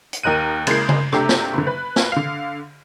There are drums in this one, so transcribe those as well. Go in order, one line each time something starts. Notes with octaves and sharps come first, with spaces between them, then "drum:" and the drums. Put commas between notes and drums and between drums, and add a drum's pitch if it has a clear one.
drum: hi-hat
D#2 A#4 D#5 F#6 D#7
C#3 G#3 A#3 E4 G6 C7, drum: cymbal
drum: tom C#3
C3 A3 D4 G4 A#5, drum: rim click
drum: snare
F#1 D3
B4
drum: snare
D3 F5